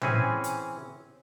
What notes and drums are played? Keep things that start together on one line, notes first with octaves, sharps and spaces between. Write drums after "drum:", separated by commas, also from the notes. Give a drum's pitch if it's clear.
E3 C4 C#4 G#4 G#5, drum: tom A2
drum: hi-hat